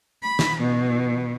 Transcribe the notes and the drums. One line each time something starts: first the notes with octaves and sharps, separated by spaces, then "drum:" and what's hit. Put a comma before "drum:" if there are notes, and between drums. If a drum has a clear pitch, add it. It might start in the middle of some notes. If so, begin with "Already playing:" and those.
B5
drum: snare
B2